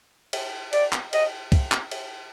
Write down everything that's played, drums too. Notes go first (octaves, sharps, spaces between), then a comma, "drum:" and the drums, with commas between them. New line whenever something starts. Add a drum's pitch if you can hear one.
drum: cymbal
D5, drum: cymbal
drum: clap
D#5, drum: cymbal
drum: kick, cymbal
drum: clap
drum: cymbal